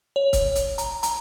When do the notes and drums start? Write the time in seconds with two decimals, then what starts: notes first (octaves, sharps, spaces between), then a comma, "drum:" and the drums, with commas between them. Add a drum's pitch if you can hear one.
0.16 C#5
0.33 drum: kick C#1, hi-hat
0.55 drum: hi-hat
0.78 A#5, drum: hi-hat
1.03 A#5, drum: hi-hat